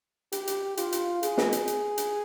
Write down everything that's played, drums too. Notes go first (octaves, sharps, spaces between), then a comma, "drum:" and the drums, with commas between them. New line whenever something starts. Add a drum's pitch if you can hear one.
G4, drum: hi-hat
drum: hi-hat
F4, drum: hi-hat
drum: hi-hat
G#4, drum: hi-hat
drum: snare
drum: hi-hat
drum: hi-hat
drum: hi-hat